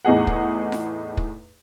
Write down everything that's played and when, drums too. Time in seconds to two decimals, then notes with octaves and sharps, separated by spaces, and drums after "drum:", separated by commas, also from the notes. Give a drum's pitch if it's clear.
0.05 E2 A2 D#4 G#4 F#5
0.27 drum: kick
0.72 drum: snare F4
1.17 drum: kick